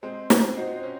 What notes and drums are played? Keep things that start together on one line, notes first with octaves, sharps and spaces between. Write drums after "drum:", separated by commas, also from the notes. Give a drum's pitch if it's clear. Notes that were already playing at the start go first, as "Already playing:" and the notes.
G#3 C4 C5
C#4 F4, drum: snare
D#4 F#4
C#4